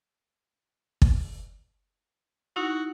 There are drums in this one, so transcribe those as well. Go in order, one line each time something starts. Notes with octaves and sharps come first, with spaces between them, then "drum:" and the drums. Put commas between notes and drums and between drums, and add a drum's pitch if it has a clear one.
drum: kick
D#4 E4 F#4